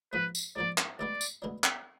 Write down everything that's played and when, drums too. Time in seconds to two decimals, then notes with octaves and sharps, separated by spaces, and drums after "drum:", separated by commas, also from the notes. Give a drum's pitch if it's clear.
0.13 G#2 F3 A#3 B4
0.35 drum: tambourine
0.56 G#2 F3 A#3 D5
0.78 drum: clap
0.99 D2 D3 G#3 B3 D4 D5
1.21 drum: tambourine
1.42 D2 D3 G#3 B3 D4
1.64 drum: clap